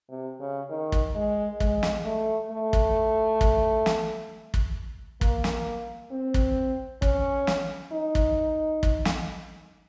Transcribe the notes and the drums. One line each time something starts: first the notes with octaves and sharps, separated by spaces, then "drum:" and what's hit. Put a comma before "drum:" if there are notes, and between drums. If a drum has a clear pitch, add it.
C3
C#3
D#3
drum: kick
G#3
G#3, drum: kick
drum: snare
A3
A3
drum: kick
drum: kick
drum: snare
drum: kick
A#3, drum: kick
drum: snare
C4
drum: kick
C#4, drum: kick
drum: snare
D#4
drum: kick
drum: kick
drum: snare